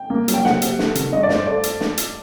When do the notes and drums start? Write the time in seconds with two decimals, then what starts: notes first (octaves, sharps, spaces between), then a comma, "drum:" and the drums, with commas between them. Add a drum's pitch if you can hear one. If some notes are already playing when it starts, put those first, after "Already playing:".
Already playing: G5
0.10 A#3
0.28 F#3, drum: hi-hat
0.34 G5
0.45 C3 F#5, drum: snare
0.62 C3, drum: hi-hat
0.79 A3, drum: snare
0.95 D#3, drum: hi-hat
1.13 G2 D#5
1.23 D5
1.29 G2, drum: snare
1.35 C5
1.46 A3 D5
1.63 drum: hi-hat
1.80 drum: snare
1.97 drum: hi-hat